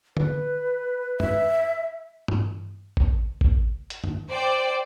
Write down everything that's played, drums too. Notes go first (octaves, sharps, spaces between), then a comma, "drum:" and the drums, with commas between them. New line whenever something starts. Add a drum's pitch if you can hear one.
B4, drum: tom D3
E5, drum: tom F#2
drum: tom G2
drum: kick G#1
drum: kick G#1
drum: hi-hat
drum: tom F#2
C5 D5 G5